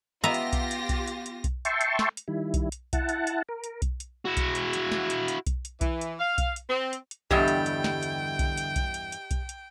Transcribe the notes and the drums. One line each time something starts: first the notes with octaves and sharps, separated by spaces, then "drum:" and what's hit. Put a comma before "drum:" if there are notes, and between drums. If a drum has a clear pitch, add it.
B3 F4 G4 E5 A#5 A#6
drum: hi-hat
drum: kick B1, hi-hat
drum: hi-hat
drum: kick B1, hi-hat
drum: hi-hat
drum: hi-hat
drum: kick B1, hi-hat
E5 G5 A5 C6 C#6, drum: hi-hat
drum: hi-hat
drum: snare
drum: hi-hat
D#3 G3 E4
drum: kick B1, hi-hat
drum: hi-hat
E4 F#5 A5, drum: kick B1, hi-hat
drum: hi-hat
drum: hi-hat
A#4
drum: hi-hat
drum: kick B1, hi-hat
drum: hi-hat
E4 F#4
drum: kick B1, hi-hat
drum: hi-hat
drum: hi-hat
drum: snare
drum: hi-hat
drum: hi-hat
drum: kick B1, hi-hat
drum: hi-hat
E3, drum: kick B1, hi-hat
drum: hi-hat
F5
drum: kick B1, hi-hat
drum: hi-hat
C4
drum: hi-hat
drum: hi-hat
E2 G2 D3 G3 G4 D#5 E5 G5, drum: kick B1
drum: hi-hat
drum: hi-hat
drum: snare
drum: hi-hat
drum: kick B1, hi-hat
drum: hi-hat
drum: kick B1, hi-hat
drum: hi-hat
drum: hi-hat
drum: kick B1, hi-hat
drum: hi-hat